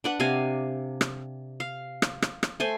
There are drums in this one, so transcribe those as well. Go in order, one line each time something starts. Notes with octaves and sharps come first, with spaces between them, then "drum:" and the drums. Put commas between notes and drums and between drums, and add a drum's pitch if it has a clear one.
D4 B4 F#5
C3 F5 G#5
drum: rim click
F5
drum: rim click
drum: rim click
drum: rim click
A3 C5 G#5